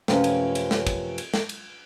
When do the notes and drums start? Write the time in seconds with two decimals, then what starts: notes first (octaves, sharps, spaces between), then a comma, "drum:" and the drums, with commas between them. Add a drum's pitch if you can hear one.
0.08 F#2 C3 F3 A3 C#4 B4, drum: snare
0.24 drum: cymbal
0.55 drum: cymbal
0.71 drum: snare
0.87 drum: kick, cymbal
1.18 drum: cymbal
1.34 drum: snare
1.49 drum: cymbal